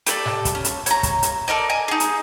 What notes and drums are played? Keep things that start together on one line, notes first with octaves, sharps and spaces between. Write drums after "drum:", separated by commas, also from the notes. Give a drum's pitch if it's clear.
G4 A4 A#4 D5, drum: hi-hat
drum: snare G#2
drum: kick, hi-hat
C#4
drum: hi-hat
C#5 A#5, drum: hi-hat
drum: kick, hi-hat
drum: hi-hat
A4 A#4 D5 D#5
G#5 A#5
D#4 G#4
drum: hi-hat